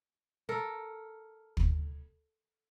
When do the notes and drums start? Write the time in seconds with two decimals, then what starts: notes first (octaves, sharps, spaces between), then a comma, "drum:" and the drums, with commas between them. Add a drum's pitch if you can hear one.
0.49 A4 A#4
1.57 drum: kick